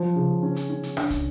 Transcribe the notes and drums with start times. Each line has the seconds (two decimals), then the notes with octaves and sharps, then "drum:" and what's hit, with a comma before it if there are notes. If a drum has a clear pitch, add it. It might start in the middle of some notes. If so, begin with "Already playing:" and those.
Already playing: F3
0.16 C#3
0.42 C#4
0.56 drum: hi-hat
0.70 C#4
0.83 drum: hi-hat
0.97 D4, drum: rim click
1.10 drum: kick, hi-hat